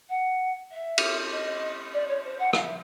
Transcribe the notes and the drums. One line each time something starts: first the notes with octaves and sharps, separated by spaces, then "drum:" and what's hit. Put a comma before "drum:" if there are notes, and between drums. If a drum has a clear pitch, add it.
F#5
E5
drum: cymbal
D#5
D5
C#5
C5
F#5
F5, drum: rim click
E5